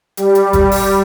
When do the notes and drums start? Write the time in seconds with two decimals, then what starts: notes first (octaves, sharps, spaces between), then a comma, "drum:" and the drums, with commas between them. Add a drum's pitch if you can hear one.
0.17 G3, drum: hi-hat
0.35 drum: hi-hat
0.53 drum: kick, hi-hat
0.72 drum: open hi-hat